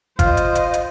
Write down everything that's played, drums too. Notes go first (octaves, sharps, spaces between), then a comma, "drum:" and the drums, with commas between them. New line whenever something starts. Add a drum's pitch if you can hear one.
F4 C5 D#5, drum: kick, hi-hat
drum: hi-hat
drum: hi-hat
drum: hi-hat